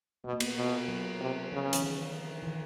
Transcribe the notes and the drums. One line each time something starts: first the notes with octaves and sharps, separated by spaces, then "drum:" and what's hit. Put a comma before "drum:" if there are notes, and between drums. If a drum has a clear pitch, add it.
B2 B3
A#3
B3, drum: cymbal
B2
F#3
C3
C#3 F3
E3, drum: hi-hat
D#3
E3
D#3